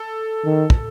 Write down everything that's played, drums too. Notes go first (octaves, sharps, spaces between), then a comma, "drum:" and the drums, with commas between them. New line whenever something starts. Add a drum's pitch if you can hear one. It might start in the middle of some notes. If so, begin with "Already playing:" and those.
Already playing: A4
D#3
drum: kick